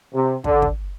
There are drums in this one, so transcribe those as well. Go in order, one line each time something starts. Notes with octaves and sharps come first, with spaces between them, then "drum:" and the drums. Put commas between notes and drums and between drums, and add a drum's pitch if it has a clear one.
C3
D3, drum: kick
drum: kick